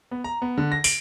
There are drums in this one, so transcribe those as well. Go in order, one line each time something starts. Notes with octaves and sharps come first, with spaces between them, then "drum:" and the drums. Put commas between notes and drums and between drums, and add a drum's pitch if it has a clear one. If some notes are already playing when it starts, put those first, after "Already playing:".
B3
A#5
B3
D3
A#6
D7, drum: open hi-hat